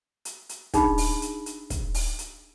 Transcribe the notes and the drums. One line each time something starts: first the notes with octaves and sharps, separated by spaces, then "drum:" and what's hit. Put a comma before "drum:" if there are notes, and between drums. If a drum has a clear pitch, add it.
drum: hi-hat
drum: hi-hat
D4 D#4 G#4 B5, drum: kick, hi-hat
drum: open hi-hat
drum: hi-hat
drum: hi-hat
drum: kick, hi-hat
drum: open hi-hat
drum: hi-hat